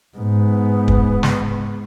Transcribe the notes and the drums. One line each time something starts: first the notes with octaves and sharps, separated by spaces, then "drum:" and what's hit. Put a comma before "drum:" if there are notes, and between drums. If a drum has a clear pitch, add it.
G#2 B3
drum: kick
drum: snare